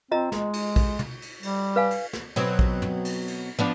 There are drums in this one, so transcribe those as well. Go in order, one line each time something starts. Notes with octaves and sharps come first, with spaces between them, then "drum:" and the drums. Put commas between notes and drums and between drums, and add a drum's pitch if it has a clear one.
C4 F4 D#5 A#5
G#3, drum: snare
drum: cymbal
drum: kick, cymbal
drum: tom
drum: cymbal
G3, drum: cymbal
B4 F5 G#5
drum: cymbal
drum: snare
B2 F#3 C4, drum: cymbal
drum: kick
drum: tom
drum: cymbal
drum: cymbal
F3 B3 D4